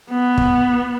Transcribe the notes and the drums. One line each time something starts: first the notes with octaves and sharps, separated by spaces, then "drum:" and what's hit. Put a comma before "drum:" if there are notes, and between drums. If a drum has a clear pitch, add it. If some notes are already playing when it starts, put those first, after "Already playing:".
B3
drum: kick